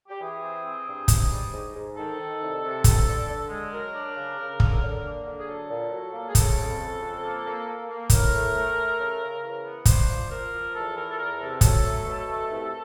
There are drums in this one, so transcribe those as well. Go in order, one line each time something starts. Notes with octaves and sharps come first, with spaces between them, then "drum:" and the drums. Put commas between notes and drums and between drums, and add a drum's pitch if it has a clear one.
G4
E3 G#4
C4
C4
G2
G#2, drum: kick, hi-hat
G3
G#2
G#2
D#3 A4
D#3
C2
C3
G2, drum: kick, hi-hat
D3
D3
G#3
F#3 A#4
D4
C#3
C#3
D3, drum: kick
D3
A#3
D3
G#4
F#3 A4
A#2
F#3
A#3
G#4
C#3 A4, drum: kick, hi-hat
F2
C#3
F2
A#3
A#3
A#3
A#3
A2 A#4, drum: kick, hi-hat
A3
A3
A3
C#3
C#3
E3
B3
D4 C5, drum: kick, hi-hat
F3
F3 A#4
F3
E2 A4
E3 A#4
A4
E2 A#4
C3 A4
F#3 A4, drum: kick, hi-hat
A3
B2
A3
C2